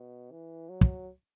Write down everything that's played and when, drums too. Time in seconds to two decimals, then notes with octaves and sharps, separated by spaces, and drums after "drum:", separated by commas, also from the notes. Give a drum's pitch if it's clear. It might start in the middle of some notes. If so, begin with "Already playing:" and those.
Already playing: B2
0.31 E3
0.69 F#3
0.81 drum: kick